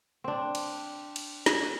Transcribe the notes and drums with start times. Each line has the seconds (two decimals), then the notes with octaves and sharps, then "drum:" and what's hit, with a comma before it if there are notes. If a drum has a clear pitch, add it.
0.24 C4 D4
0.55 drum: cymbal
1.16 drum: cymbal
1.46 drum: snare